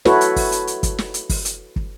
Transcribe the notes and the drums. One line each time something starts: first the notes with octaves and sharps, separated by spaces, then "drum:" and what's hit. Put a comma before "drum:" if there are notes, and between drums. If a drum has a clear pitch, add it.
E4 F#4 A4 B4 C#5, drum: snare
drum: hi-hat
drum: kick, open hi-hat
drum: hi-hat
drum: hi-hat
drum: kick, hi-hat
drum: snare
drum: hi-hat
drum: kick, open hi-hat
drum: hi-hat
drum: kick